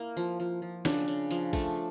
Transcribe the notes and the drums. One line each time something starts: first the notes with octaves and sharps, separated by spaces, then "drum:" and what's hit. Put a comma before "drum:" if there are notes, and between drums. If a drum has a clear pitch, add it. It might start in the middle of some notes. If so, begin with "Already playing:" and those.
Already playing: A#3 E4
F3
F3
F3
C#3 D4, drum: snare
C#3, drum: hi-hat
F3, drum: hi-hat
A3, drum: kick A1, open hi-hat